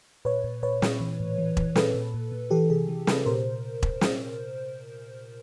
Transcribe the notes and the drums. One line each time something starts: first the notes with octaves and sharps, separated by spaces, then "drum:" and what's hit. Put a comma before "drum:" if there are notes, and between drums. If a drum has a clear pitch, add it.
A#2 B4 C#5
A#2
A#2 B4 C#5
A#2, drum: snare
E3
A2
E3
E3, drum: kick E1
A#2 A4 B4, drum: snare
A#2
A#2
A#2
E3 G4 A4
C3 G#4
E3
C3 A4 B4, drum: snare
A#2 A#4 C5
drum: kick E1
drum: snare